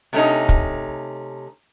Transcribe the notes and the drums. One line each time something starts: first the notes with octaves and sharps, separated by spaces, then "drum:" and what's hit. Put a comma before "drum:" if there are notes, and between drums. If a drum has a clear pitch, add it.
C3 A3 C#4 D#4
drum: kick